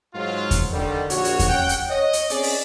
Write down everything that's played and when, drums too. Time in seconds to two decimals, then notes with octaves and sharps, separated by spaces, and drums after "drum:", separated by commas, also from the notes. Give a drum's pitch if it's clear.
0.14 G#2 F#3 F4
0.51 drum: kick E2, hi-hat
0.73 D3 D#3 G3
1.10 A#1 F#4 C#5, drum: hi-hat
1.25 drum: hi-hat
1.39 drum: kick E2, hi-hat
1.49 C#4 F#5 G5
1.69 drum: hi-hat
1.90 C#5 D#5
2.13 drum: hi-hat
2.30 C4 C#4 G#4 C#5 D5, drum: hi-hat
2.43 drum: open hi-hat